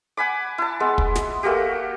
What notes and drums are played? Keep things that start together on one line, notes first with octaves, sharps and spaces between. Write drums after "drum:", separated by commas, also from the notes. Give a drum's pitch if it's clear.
F#5 G#5 B5 D6
E4 A5
G#3 B3
drum: kick
drum: snare
A3 A#3 F#4 G4